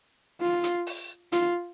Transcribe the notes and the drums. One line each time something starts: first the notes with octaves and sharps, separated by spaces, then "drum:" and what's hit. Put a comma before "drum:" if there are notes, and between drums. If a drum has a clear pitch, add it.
F4
drum: hi-hat
drum: open hi-hat
F4, drum: hi-hat